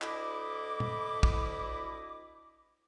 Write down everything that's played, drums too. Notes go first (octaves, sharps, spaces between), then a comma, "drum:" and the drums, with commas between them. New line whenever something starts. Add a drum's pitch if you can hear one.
D2 E4 D#5 D6, drum: clap
drum: tom
drum: kick